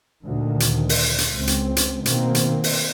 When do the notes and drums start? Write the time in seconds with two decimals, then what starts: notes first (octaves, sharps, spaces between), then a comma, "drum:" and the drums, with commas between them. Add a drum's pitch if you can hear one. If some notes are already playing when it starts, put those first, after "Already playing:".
0.25 D2 A#2 D#3
0.60 drum: hi-hat
0.89 drum: open hi-hat
1.18 drum: hi-hat
1.32 C#2 C4
1.47 drum: hi-hat
1.76 drum: hi-hat
2.06 B2 D#3 A#3 C4, drum: hi-hat
2.35 drum: hi-hat
2.64 drum: open hi-hat